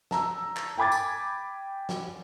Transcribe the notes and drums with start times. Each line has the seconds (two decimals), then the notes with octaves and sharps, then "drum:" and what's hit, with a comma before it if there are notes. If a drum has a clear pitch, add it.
0.11 A5 A#5 E6, drum: snare
0.57 drum: clap
0.78 G5 G#5 B5 D6 G#6 A6
0.92 drum: tambourine
1.89 drum: snare